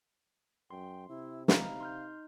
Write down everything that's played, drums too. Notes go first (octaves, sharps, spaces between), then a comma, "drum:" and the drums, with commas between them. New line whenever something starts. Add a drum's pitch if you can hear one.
F#2 G5 C6
C3 E4
D#4 F5 A#5 B5, drum: snare
C6 F6 G6